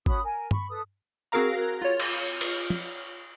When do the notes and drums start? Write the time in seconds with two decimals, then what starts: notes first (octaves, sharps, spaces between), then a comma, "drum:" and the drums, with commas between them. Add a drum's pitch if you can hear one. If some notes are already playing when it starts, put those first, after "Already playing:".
0.06 C#4 F#4 B5 D#6, drum: kick G#1
0.23 A#4 G#5
0.51 B5 C#6, drum: tom
0.69 A4 B4 D#6
1.32 C4 F#4 G#4 A#4 F5 A#5
1.82 F4 C#5
2.00 drum: cymbal
2.41 drum: cymbal
2.70 drum: tom